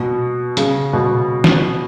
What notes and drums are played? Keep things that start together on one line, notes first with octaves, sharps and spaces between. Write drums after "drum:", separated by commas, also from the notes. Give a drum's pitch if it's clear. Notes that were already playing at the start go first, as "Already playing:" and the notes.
Already playing: B2
C#3, drum: hi-hat
B2
drum: snare